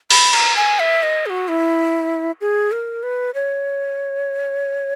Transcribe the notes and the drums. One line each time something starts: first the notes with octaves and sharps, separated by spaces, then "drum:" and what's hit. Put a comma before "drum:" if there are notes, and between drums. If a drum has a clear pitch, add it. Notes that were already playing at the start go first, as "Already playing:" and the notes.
B5, drum: open hi-hat
A#5, drum: cymbal
G#5
E5
D#5
G#4
F#4
E4
G#4
A#4
B4
C#5